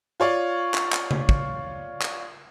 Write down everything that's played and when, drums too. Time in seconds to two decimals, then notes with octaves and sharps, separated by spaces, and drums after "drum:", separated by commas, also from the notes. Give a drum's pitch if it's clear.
0.20 F4 C#5 D5 F5
0.74 drum: clap
0.92 drum: clap
1.11 drum: tom C#3
1.29 drum: kick
2.02 drum: clap